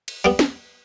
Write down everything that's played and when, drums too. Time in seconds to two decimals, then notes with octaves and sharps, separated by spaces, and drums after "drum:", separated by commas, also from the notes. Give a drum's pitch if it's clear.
0.08 drum: cymbal
0.25 G3 B3
0.39 drum: snare